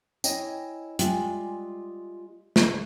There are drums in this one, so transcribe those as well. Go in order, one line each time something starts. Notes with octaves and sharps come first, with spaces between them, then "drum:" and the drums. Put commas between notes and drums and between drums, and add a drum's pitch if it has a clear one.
E4 C#5 D#5 G5 G#5, drum: tambourine
G3 G#3 F4 E5 G5 G#5, drum: hi-hat
drum: snare